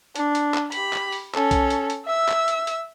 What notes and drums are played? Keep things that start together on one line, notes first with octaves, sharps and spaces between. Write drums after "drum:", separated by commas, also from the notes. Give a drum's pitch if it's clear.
D4, drum: hi-hat
drum: hi-hat
drum: clap
G4 B5, drum: hi-hat
drum: clap
drum: open hi-hat
C#4 A4, drum: clap
drum: kick B1, hi-hat
drum: hi-hat
drum: hi-hat
E5 E6
drum: clap
drum: hi-hat
drum: hi-hat